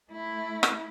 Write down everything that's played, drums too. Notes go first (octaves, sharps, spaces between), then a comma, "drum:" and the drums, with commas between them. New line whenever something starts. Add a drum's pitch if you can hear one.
A3 E4
drum: rim click